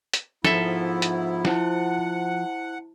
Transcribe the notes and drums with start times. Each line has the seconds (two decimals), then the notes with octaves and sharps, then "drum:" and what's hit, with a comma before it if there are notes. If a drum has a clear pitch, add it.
0.14 drum: hi-hat
0.45 G#2 F3 B3 E4 A4 E5, drum: snare
1.02 drum: hi-hat
1.45 E4 C5 F#5 A5, drum: snare